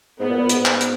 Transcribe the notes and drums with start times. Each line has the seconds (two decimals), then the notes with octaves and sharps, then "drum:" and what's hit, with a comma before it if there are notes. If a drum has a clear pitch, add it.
0.20 G#2 B3
0.29 A#2
0.40 A#2
0.49 G#2, drum: hi-hat
0.65 drum: clap
0.81 drum: hi-hat